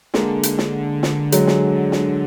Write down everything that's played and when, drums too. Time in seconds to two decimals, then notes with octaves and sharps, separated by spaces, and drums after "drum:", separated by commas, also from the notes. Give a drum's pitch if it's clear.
0.14 D3 G#3 A#3, drum: snare
0.43 drum: hi-hat
0.58 drum: snare
1.03 drum: snare
1.32 F#3 G#3, drum: hi-hat
1.47 drum: snare
1.92 drum: snare